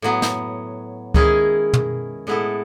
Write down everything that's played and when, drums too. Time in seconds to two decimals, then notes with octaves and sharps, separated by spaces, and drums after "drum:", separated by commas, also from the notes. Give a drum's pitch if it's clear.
0.02 A2 F#3 B3
0.22 drum: snare
1.14 D#3 G#3 C#4 E4 G#4, drum: kick C#2
1.73 drum: tom
2.27 A2 G#3 B3 E4 A4